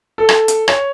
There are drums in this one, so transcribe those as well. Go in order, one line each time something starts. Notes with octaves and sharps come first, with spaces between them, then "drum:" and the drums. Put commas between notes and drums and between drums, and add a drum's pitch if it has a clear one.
A4
drum: rim click
drum: hi-hat
C#5, drum: rim click